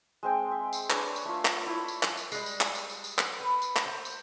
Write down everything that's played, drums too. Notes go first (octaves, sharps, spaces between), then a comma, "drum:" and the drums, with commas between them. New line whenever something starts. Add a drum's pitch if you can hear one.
G#3 C4 G5
E5
drum: tambourine
D4 B4 C#5 G#5, drum: clap
drum: tambourine
A3 F4
drum: clap
E4
drum: tambourine
drum: clap
drum: tambourine
G3 G#3, drum: tambourine
drum: tambourine
drum: clap
drum: tambourine
drum: tambourine
drum: tambourine
drum: clap
B4
drum: tambourine
drum: clap
C5
drum: tambourine